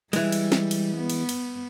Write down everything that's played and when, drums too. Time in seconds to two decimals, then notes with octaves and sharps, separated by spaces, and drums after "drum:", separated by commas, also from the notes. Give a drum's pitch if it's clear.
0.13 E3 G3 G#3, drum: cymbal
0.32 drum: cymbal
0.52 drum: snare
0.71 drum: cymbal
0.97 B3
1.10 drum: cymbal
1.29 drum: cymbal